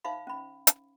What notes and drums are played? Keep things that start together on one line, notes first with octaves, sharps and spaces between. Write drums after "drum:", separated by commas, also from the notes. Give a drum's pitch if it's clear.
D#4 C5 E5 F5 B5
C#4 B5
drum: hi-hat